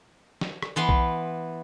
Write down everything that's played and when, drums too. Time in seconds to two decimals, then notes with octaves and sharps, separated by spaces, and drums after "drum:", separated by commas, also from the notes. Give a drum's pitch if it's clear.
0.41 drum: snare
0.62 drum: rim click
0.76 E3 B3 C6
0.89 drum: kick B1